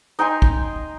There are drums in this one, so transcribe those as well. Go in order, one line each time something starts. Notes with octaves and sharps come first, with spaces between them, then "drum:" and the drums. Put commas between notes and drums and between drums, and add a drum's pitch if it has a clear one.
D#4 G5 G#5 C6
drum: kick